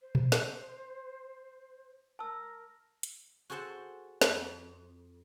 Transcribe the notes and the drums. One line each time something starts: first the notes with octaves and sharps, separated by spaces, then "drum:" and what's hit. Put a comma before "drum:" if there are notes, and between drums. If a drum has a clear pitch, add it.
C5
drum: tom
drum: snare
A#4 A5 E6
drum: hi-hat
F#4 G#4 A4 C5 F#5 A5
F2, drum: snare